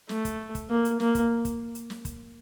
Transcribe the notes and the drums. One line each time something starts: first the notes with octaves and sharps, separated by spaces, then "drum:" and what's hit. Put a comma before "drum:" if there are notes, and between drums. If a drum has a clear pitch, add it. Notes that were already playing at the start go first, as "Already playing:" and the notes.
A3, drum: snare
drum: kick, hi-hat
drum: kick, hi-hat
A#3
drum: hi-hat
A#3, drum: snare
drum: kick, hi-hat
drum: kick, hi-hat
drum: hi-hat
drum: snare
drum: kick, hi-hat